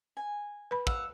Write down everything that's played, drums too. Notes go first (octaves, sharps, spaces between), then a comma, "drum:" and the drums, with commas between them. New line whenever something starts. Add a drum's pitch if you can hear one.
G#5
B4 B5
F5 F#5 E6, drum: kick